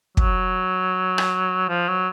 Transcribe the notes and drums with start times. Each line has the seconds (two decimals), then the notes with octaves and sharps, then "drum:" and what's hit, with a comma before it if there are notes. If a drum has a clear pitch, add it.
0.17 F#3, drum: kick
1.18 drum: rim click
1.69 F3
1.88 F#3